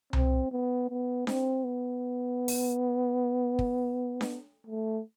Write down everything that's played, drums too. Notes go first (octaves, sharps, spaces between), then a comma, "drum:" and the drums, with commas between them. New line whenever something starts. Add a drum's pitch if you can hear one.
C4, drum: tom C2
B3
B3
C4, drum: snare D4
B3
drum: open hi-hat
drum: kick
drum: snare D4
A3